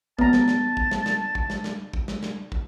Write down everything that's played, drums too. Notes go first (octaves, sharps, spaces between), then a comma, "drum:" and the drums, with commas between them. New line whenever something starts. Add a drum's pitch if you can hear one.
B3 A5 A#5, drum: kick
drum: snare
drum: snare
drum: kick
drum: snare
drum: snare
drum: kick
drum: snare
drum: snare
drum: kick
drum: snare
drum: snare
drum: kick